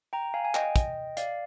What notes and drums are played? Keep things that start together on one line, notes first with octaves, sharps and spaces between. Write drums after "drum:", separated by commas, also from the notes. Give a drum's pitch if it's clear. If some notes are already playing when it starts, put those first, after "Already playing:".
G5 A#5
F5 G#5
G#5
D#5 G5, drum: clap
drum: kick, hi-hat
D5 F5, drum: hi-hat